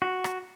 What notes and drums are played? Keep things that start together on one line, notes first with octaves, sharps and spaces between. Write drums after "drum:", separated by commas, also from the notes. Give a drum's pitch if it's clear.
F#4
drum: rim click